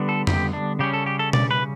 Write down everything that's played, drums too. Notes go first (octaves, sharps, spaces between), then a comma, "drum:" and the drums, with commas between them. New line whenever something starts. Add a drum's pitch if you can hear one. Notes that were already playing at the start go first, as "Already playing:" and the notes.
Already playing: D3 G3 B3
A4
G4, drum: tom F2
D4
C#3 G3 C#4 G4
A4
G4
A4
D5, drum: tom B2
B4